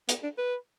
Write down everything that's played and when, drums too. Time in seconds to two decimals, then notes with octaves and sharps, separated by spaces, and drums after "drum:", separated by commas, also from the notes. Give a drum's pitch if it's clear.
0.09 B3, drum: hi-hat
0.23 D4
0.38 B4